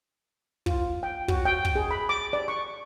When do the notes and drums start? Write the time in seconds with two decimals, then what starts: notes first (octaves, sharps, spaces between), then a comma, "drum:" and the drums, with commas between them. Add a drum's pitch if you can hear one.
0.66 F4, drum: kick
1.03 G5
1.28 F#4, drum: kick
1.45 G5
1.65 drum: kick
1.76 G#4
1.91 B5
2.09 D6
2.33 D5
2.48 C#6